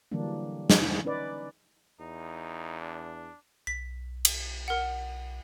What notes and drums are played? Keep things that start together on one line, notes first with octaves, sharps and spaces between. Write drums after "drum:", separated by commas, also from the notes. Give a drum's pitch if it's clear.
D3 E3 F#3 G3 A#3 D4
drum: snare
C#4 D#4 B4 D5
E2 D#4
D4
B1 B6
drum: cymbal
A#4 F#5